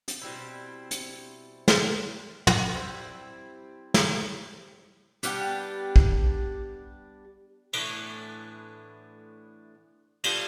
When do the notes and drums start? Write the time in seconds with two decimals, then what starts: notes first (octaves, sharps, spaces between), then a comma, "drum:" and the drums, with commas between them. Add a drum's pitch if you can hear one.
0.08 drum: hi-hat
0.21 B2 G3 C4 E4
0.91 drum: hi-hat
1.68 drum: snare
2.47 drum: tom
2.73 G3 C4 E4
3.94 drum: snare
5.23 G3 B3 D4 G4, drum: hi-hat
5.96 drum: kick
7.73 A2 E3 B3 D4, drum: cymbal
10.24 G3 D4 F4 A4, drum: cymbal